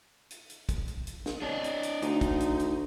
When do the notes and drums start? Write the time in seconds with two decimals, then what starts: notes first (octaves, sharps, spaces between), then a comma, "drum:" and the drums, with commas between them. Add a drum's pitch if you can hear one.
0.31 drum: hi-hat
0.50 drum: hi-hat
0.69 drum: kick, hi-hat
0.88 drum: hi-hat
1.07 drum: hi-hat
1.26 drum: snare
1.42 D4 C#5 D#5
1.64 drum: hi-hat
1.83 drum: hi-hat
2.02 D2 D#4, drum: hi-hat
2.21 drum: kick, hi-hat
2.40 drum: hi-hat
2.59 drum: hi-hat